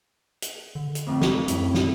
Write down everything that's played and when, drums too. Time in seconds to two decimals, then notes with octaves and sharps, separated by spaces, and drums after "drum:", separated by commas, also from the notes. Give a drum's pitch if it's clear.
0.42 drum: hi-hat
0.75 D3
0.95 drum: hi-hat
1.06 F2 A2
1.22 drum: snare
1.48 F#2 C#4 E4, drum: hi-hat
1.74 drum: snare